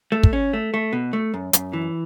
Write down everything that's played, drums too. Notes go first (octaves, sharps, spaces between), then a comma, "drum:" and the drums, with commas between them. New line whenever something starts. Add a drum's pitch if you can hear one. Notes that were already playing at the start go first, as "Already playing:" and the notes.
A3
drum: kick
C#4
A3
A3
B2
A3
F#2
F#2, drum: hi-hat
E3